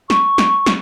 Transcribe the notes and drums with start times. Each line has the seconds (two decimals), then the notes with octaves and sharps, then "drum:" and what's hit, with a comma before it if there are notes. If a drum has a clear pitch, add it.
0.10 C#6, drum: snare
0.38 drum: snare
0.66 drum: snare